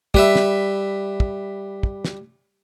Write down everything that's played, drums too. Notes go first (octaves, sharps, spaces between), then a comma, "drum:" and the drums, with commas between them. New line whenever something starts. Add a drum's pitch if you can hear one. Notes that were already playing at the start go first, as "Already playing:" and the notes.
G3 B4 E5, drum: kick
drum: snare
drum: kick
drum: kick
drum: snare